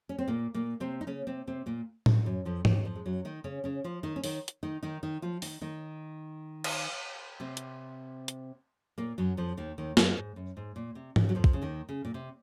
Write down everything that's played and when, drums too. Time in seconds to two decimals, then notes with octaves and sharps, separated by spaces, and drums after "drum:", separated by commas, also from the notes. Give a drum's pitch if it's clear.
0.09 C#4
0.19 C4
0.28 A#2 A#3
0.54 A#2 A#3
0.80 C3 C4
1.01 D#4
1.07 C#3 C#4
1.27 C3 C4
1.47 C3 C4
1.66 A#2 A#3
2.06 drum: tom A2
2.26 F#2 F#3
2.45 F2 F3
2.65 D#2 D#3, drum: tom G#2
2.85 F2 F3
2.95 G#3
3.06 F#2 F#3
3.25 D#3 D#4
3.44 C#3 C#4
3.64 C#3 C#4
3.84 F3 F4
4.03 D#3 D#4
4.16 C#4
4.24 D#3 D#4, drum: open hi-hat
4.48 drum: hi-hat
4.63 D#3 D#4
4.83 D#3 D#4
5.03 D#3 D#4
5.22 F3 F4
5.42 D#3 D#4, drum: open hi-hat
5.61 D#3 D#4
6.64 drum: cymbal
7.40 C3 C4
7.57 drum: hi-hat
8.28 drum: hi-hat
8.98 A#2 A#3
9.18 F#2 F#3
9.37 F2 F3
9.57 D#2 D#3
9.78 D#2 D#3
9.97 F#2 F#3, drum: snare
10.17 G#2
10.36 F#2
10.57 G#2
10.76 A#2
10.95 C3
11.16 C#3, drum: tom G#2
11.29 F#3
11.35 F2 F3
11.44 drum: kick
11.53 C#3
11.62 D#2 D#3
11.89 C#3
12.05 A#2
12.14 C3